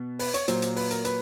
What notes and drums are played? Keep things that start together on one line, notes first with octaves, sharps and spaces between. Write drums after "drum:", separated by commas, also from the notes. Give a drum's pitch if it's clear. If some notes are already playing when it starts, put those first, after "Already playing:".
Already playing: B2 B3
B4, drum: open hi-hat
C#5, drum: hi-hat
A#2 F#3 A#3 C5, drum: hi-hat
drum: hi-hat
B4, drum: open hi-hat
A#4, drum: hi-hat
B4, drum: hi-hat